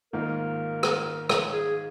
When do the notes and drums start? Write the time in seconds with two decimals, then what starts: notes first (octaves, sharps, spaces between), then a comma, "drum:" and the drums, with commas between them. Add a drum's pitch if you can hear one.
0.13 G#2 D#3 A#3 F4 A#4
0.83 drum: rim click
1.29 drum: rim click
1.53 G#4